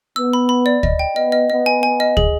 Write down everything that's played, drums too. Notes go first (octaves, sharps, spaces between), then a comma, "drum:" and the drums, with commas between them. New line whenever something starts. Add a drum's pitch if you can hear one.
B3 E6
B5
B5
D5
D#5, drum: kick
G5
B3 D#5
D#5
B3 D#5
G#5
B3 G#5
D#5
G#4, drum: kick